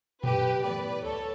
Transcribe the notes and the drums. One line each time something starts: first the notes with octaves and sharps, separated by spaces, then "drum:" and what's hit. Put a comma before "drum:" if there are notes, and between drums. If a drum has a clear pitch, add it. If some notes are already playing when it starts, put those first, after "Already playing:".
F#2 D3 A3 G4 B4, drum: tom A#2
A2 E3 B3 B4 D5
D2 A4 C#5